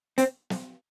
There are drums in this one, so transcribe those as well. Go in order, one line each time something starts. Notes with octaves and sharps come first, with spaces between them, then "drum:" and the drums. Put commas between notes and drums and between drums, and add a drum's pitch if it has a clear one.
C4, drum: hi-hat
drum: snare